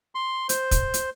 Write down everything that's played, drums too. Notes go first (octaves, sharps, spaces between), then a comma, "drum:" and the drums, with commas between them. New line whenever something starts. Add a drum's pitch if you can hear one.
C6
C5, drum: hi-hat
drum: kick, hi-hat
drum: hi-hat